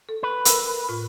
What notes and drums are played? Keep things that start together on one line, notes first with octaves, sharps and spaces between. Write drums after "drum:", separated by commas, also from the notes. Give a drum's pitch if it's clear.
A4
B4
A#4 E6, drum: hi-hat
A2 F4